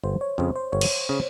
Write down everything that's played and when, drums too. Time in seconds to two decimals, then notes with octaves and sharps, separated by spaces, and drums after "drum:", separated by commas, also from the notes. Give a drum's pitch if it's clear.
0.03 G1 C5
0.21 C#5
0.38 F2 C#3 C5
0.56 C5
0.72 G1 C#5
0.81 drum: cymbal
1.09 C#3